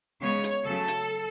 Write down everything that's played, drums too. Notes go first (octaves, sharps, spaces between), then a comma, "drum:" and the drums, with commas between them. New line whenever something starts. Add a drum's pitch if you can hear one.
C#3 G#3 B3 C#5
drum: hi-hat
C#3 F#3 A3 A4
drum: hi-hat